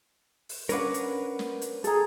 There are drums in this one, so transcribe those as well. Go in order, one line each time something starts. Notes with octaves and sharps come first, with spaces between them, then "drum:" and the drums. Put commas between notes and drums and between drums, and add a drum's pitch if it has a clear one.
drum: open hi-hat
C#4 D4 A#4 B4 F#5, drum: hi-hat
drum: hi-hat
drum: snare
drum: hi-hat
G#4 A4 A#5, drum: hi-hat